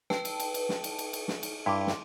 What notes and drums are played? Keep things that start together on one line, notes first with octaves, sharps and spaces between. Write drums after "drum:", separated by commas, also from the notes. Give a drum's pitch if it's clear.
B4 G5 A5, drum: snare
drum: cymbal
drum: cymbal
drum: cymbal
drum: snare
drum: cymbal
drum: cymbal
drum: cymbal
drum: snare
drum: cymbal
G2 E4 C6 D6
drum: snare